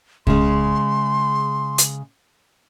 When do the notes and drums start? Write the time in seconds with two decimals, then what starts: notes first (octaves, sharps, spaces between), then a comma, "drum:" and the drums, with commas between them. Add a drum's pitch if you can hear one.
0.27 C#3 G#3 C6, drum: kick C2
1.78 drum: hi-hat